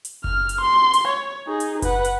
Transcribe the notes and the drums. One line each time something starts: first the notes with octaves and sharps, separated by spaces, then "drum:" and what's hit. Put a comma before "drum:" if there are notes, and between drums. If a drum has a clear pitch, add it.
drum: hi-hat
F6, drum: kick F#1
drum: hi-hat
C6
drum: hi-hat
C#5
D#4 G#4
drum: hi-hat
B4 F#5, drum: kick F#1, hi-hat
drum: hi-hat